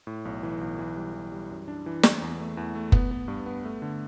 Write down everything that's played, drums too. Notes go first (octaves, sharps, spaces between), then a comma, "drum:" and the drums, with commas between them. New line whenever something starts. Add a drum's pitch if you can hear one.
A2
B1
E3
B1
E3
G3
E3
G3
F#2
D4
E3
E3, drum: snare
E2
A3
E2
A3
B3, drum: kick F#1
B3
G2
B3
A3
D3